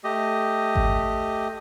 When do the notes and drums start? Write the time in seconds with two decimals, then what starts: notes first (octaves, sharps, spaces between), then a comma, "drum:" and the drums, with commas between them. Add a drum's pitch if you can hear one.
0.04 A3 G4 D#5
0.76 drum: kick G#1